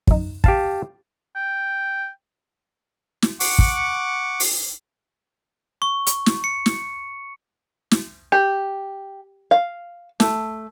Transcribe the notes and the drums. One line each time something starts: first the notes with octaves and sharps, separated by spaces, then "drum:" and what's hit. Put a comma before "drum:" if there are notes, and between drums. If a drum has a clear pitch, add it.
F#2 D#4, drum: kick
G4 F5 A5, drum: kick
G5
drum: snare
F#5 C#6 D6, drum: open hi-hat
drum: kick
drum: open hi-hat
C#6
drum: hi-hat
drum: snare
C#7
drum: snare
drum: snare
G4
F5
A3, drum: snare